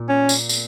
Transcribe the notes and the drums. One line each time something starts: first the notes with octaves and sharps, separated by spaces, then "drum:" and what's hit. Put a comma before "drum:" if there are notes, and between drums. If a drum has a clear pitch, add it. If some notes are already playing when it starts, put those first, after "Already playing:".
Already playing: A#2
C#4
drum: tambourine
drum: tambourine